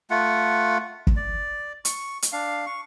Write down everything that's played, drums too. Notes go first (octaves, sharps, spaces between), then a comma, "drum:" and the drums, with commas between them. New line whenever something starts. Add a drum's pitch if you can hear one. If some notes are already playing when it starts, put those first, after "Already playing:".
A3 F4 F#5
drum: kick
D5
C#6, drum: hi-hat
drum: hi-hat
D4 F5
C#6